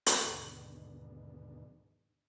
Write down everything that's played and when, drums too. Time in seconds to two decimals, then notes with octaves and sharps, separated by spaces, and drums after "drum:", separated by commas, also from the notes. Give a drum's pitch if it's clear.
0.06 drum: hi-hat
0.24 D#2 G#2 B2 D3